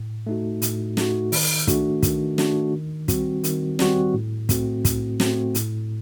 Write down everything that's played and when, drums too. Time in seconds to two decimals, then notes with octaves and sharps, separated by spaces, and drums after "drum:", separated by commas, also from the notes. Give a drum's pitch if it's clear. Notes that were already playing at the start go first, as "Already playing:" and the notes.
Already playing: A2
0.27 A3 D#4 F#4
0.62 A2, drum: hi-hat
0.97 A3 D#4 F#4, drum: snare
1.32 D#3, drum: open hi-hat
1.67 A3 D4 F#4, drum: kick, hi-hat
2.03 D#3, drum: kick, hi-hat
2.38 A3 D4 F#4, drum: snare
2.72 D#3
3.08 G3 C4 F#4, drum: kick, hi-hat
3.44 D#3, drum: hi-hat
3.79 G3 C4 F#4, drum: snare
4.14 A2
4.49 A3 C4 F#4, drum: kick, hi-hat
4.85 A2, drum: kick, hi-hat
5.20 A3 C4 F#4, drum: snare
5.55 A2, drum: hi-hat